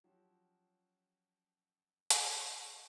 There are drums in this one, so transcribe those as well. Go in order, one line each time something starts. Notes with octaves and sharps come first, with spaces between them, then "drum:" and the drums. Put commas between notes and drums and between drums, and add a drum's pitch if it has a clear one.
F3 F#3 C#4 F#4 G4
drum: hi-hat